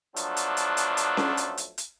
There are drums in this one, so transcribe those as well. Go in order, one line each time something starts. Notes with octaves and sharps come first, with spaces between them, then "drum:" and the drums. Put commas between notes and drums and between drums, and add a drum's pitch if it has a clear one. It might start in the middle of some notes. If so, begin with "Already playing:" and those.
F3 F#3 A3 B3 D4, drum: hi-hat
drum: hi-hat
drum: hi-hat
drum: hi-hat
drum: hi-hat
drum: snare C#4
drum: hi-hat
drum: hi-hat
drum: hi-hat